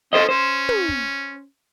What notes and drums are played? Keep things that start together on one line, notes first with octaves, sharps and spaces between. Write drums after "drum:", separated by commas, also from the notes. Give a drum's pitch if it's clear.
C#4 A4 C5 D#5
C#4 C5
drum: tom
drum: kick